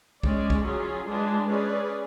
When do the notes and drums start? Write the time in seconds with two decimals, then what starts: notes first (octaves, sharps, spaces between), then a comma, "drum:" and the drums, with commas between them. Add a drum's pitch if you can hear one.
0.23 G#3 C#4 G#4 D5, drum: kick
0.50 drum: kick
0.65 F#3 C#4 F4 G#4
1.07 G#3 D4 F4 G#4 B4
1.49 C#4 G#4 B4 D5